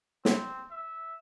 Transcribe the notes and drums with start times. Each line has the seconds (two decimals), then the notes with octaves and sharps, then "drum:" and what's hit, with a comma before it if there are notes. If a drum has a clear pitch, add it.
0.25 C4, drum: snare
0.71 E5